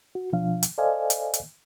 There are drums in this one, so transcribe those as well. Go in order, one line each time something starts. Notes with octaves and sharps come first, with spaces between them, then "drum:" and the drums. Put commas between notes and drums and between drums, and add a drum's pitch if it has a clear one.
F#4
B2 F3 D4 F5
drum: hi-hat
A4 C5 D5 D#5 F5 G#5
drum: hi-hat
drum: hi-hat